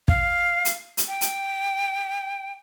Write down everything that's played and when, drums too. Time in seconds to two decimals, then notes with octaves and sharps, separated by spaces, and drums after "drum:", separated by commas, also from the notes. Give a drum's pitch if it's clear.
0.08 F5, drum: kick
0.65 drum: hi-hat
0.97 drum: hi-hat
1.08 G5
1.21 drum: hi-hat